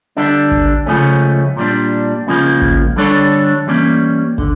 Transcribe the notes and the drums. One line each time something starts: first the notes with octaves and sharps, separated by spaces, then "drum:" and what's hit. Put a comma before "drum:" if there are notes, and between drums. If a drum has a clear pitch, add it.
D3 G3 D4
drum: kick
C#2 C#3 F3 A3 C#4
A#2 G3 D4
C#2 C#3 F3 A#3
drum: kick
D3 G3 D4 A4 C#5
E3 G3 A#3 C#4
D3, drum: kick